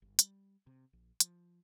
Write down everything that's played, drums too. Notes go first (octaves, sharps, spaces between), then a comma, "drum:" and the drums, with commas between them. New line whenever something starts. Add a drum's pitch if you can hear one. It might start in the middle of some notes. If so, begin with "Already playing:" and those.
G1
G3, drum: hi-hat
C3
A#1
F3, drum: hi-hat